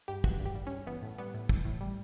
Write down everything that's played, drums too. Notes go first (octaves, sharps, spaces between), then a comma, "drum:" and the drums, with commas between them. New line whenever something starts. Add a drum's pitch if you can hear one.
G2 G4
E3 F#4, drum: kick
G2
G4
G3
G2 C#4
E3 B3
A2
G3 B3
A2
E3, drum: kick
A2
G3